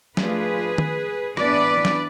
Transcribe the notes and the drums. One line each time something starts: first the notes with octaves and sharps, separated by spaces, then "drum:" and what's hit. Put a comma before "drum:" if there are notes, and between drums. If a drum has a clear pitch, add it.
F3 A3 D4 F4 G#4 B4, drum: snare
drum: tom D#3
E3 B3 D4 B4 D5, drum: rim click
drum: snare